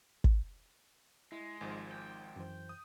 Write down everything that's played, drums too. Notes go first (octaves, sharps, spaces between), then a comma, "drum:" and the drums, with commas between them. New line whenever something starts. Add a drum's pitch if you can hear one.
drum: kick
G#3 E4
G#1 G#2 F3 G#5
G5
F#2 E3 C5
D#6